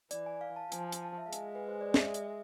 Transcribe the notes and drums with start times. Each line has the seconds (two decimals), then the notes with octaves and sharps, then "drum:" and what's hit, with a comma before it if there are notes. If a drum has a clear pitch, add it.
0.11 E3 D5, drum: hi-hat
0.26 G#5
0.41 F5
0.56 A5
0.72 F3 G#5, drum: hi-hat
0.92 drum: hi-hat
1.02 A5
1.18 E5
1.26 F5
1.33 G#3 G#5, drum: hi-hat
1.55 B4
1.68 C5
1.81 D5
1.94 E5, drum: snare
2.14 drum: hi-hat